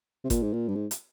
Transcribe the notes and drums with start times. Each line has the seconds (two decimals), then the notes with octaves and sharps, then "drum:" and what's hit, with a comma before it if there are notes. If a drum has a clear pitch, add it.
0.24 C3
0.30 A#2, drum: kick G1, hi-hat
0.43 G#2
0.53 A#2
0.68 G2
0.76 G#2
0.91 drum: hi-hat